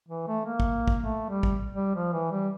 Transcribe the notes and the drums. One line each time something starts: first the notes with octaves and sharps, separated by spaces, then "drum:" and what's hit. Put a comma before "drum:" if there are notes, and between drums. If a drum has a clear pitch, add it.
E3
A3
A#3
drum: kick
drum: kick
A3
G3
drum: kick
G3
F3
E3
G3